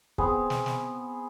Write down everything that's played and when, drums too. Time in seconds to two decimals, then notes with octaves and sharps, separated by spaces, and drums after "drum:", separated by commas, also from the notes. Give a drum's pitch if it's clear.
0.18 B3 C4 G#4, drum: kick
0.50 drum: snare
0.66 drum: snare